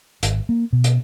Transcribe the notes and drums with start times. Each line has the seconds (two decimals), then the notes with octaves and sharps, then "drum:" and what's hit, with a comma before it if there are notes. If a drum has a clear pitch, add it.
0.23 G#1, drum: hi-hat
0.49 A#3
0.73 B2
0.84 drum: hi-hat